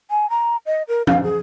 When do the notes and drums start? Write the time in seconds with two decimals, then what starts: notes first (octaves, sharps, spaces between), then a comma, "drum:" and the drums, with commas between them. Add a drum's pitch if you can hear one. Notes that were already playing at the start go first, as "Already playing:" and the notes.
0.10 G#5
0.30 A#5
0.66 D#5
0.88 A#4
1.07 F5, drum: tom
1.23 G#4